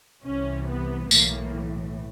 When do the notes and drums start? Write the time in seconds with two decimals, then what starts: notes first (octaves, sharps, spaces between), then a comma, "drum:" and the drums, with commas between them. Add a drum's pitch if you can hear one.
0.23 C2 C3 E3 C#4
0.68 B3
1.11 B1 A2 E3 A#3, drum: tambourine